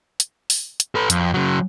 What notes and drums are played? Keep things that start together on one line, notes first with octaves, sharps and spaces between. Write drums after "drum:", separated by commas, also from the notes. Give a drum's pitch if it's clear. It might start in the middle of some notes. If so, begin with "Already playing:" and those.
drum: hi-hat
drum: open hi-hat
drum: hi-hat
A4 B4
F2, drum: hi-hat
C#3 F#3